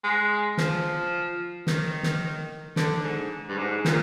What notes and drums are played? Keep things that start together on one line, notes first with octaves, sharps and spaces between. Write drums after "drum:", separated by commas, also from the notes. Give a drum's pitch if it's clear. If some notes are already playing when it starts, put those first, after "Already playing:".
G#3
F3, drum: snare
D#3, drum: snare
drum: snare
D3, drum: snare
G#2
G2
G#2
A#2, drum: snare